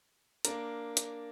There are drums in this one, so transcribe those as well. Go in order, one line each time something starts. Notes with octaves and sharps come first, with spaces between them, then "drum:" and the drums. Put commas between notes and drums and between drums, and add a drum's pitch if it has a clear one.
A#3 D4 A#4, drum: hi-hat
drum: hi-hat